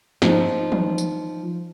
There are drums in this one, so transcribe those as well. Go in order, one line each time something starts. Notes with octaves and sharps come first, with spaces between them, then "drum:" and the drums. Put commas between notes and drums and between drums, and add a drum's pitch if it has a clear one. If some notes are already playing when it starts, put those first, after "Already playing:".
F3 D#4, drum: snare
drum: tom
drum: tambourine